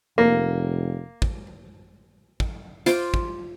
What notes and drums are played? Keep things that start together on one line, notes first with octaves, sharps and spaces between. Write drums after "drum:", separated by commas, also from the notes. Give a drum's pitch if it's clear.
F1 A#3
drum: kick
drum: kick
F4 C5 D6, drum: hi-hat
drum: kick